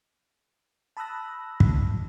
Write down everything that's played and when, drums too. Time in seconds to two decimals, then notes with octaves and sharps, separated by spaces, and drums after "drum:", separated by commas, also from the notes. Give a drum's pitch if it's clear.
0.97 A5 B5 D#6 E6 F#6 A#6
1.60 drum: kick